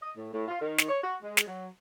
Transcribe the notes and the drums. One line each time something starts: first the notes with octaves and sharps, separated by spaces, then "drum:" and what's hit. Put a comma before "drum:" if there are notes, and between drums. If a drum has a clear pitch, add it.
D#5
A2
A2
F4
D#3
drum: snare
C#5
F#4
G#3
drum: snare
F#3